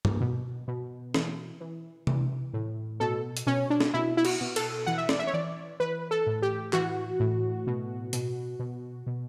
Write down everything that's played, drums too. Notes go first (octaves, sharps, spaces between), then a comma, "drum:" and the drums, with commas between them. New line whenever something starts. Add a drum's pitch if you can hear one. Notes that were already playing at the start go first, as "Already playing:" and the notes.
drum: tom G2
B2
B2
E3, drum: snare
E3
E3, drum: tom C3
A2
B2 A4
drum: hi-hat
B2 C#4
D4
drum: snare
B2 E4
E4
F#4, drum: cymbal
B2
A4, drum: cymbal
E3 F#5
E5
D5, drum: snare
E5
C#5
E3 D5
E3 B4
A4
A2
G4
E3 F#4, drum: clap
A2
B2
B2, drum: hi-hat
B2
B2